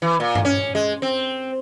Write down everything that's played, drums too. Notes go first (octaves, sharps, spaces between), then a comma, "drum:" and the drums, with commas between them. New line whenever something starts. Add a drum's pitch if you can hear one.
E3
A#2
drum: tom G2
C#4
G#3
C4